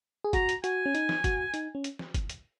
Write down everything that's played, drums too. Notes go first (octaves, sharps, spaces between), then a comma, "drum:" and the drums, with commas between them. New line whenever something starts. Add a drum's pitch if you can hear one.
G#4
F#4 A#5, drum: kick, hi-hat
drum: hi-hat
F#4 G#5, drum: hi-hat
C#4
D#4, drum: hi-hat
drum: snare
F#4, drum: kick, hi-hat
D#4, drum: hi-hat
C#4
drum: hi-hat
drum: snare
drum: kick, hi-hat
drum: hi-hat